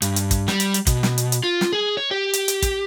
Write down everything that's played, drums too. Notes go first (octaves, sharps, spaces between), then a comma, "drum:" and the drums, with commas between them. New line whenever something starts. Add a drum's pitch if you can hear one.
G2, drum: hi-hat
drum: hi-hat
drum: kick, hi-hat
G3, drum: snare
drum: hi-hat
drum: hi-hat
B2, drum: kick, hi-hat
drum: snare
drum: hi-hat
drum: hi-hat
F4
drum: snare
G#4
C#5
G4
drum: hi-hat
drum: hi-hat
drum: kick, hi-hat